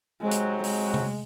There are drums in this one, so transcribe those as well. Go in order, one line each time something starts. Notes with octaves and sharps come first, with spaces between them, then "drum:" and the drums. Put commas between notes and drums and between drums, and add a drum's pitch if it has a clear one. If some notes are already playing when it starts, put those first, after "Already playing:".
C3 F#3 G#3 C4 D#4 F#4
drum: hi-hat
G#3, drum: open hi-hat
drum: tom C3